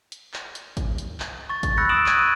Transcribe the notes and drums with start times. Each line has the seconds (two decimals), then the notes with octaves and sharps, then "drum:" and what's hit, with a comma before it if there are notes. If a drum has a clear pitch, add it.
0.12 drum: hi-hat
0.34 drum: clap
0.55 drum: hi-hat
0.77 drum: kick G#1, hi-hat
0.98 drum: hi-hat
1.20 drum: clap
1.49 C#6 A6
1.63 drum: kick G#1, hi-hat
1.77 B5 E6 F#6 G6 A#6 C#7
1.89 C#6 D#6 E6 D7 E7 F#7
2.06 F#6 G#6 A#6 D#7, drum: clap
2.18 E6 D#7